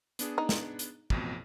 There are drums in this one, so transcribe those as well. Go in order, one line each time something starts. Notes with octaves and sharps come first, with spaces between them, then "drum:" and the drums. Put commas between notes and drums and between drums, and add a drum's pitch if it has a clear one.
B3 D4 G#4, drum: hi-hat
D#4
drum: snare
drum: hi-hat
A1 F2 B2, drum: kick